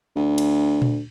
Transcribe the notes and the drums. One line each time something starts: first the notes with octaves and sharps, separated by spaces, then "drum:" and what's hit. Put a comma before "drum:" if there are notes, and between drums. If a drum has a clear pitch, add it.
D2
drum: cymbal
drum: tom A#2